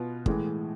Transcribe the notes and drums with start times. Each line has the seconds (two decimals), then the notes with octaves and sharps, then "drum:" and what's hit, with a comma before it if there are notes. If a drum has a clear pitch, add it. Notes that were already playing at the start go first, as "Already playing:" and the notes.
Already playing: B2 B3 F4
0.26 A2 E3 G#3, drum: kick